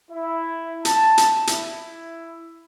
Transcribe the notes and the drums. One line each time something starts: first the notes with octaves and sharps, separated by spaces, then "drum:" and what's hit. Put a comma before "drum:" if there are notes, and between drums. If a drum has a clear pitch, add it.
E4
A5, drum: hi-hat
drum: hi-hat
E4, drum: hi-hat